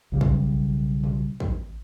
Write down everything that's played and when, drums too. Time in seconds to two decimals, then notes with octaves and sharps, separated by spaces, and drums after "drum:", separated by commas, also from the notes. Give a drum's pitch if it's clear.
0.12 B1 C#3 G3
0.21 drum: kick
1.04 drum: tom
1.40 drum: kick